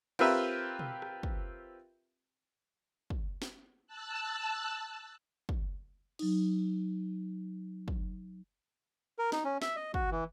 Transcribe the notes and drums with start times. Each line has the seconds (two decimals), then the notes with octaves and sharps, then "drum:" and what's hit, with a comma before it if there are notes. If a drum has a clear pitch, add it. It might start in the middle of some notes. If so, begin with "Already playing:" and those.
0.19 C4 F4 G4 A#4 B4 E5, drum: cymbal
0.79 drum: tom B2
1.02 drum: rim click
1.23 drum: kick
3.10 drum: kick
3.42 drum: snare
3.87 A5 E6 F#6
5.49 drum: kick
6.19 F#3 D#4, drum: cymbal
7.88 drum: kick
9.19 A#4
9.32 D#4, drum: snare
9.45 C#4
9.62 E5, drum: snare
9.76 D#5
9.94 F#4, drum: kick
10.11 E3